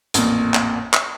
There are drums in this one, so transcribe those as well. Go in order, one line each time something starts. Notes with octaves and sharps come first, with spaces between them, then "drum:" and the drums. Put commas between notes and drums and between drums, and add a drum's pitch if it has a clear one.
A1 F2 A#2, drum: hi-hat
drum: clap
drum: clap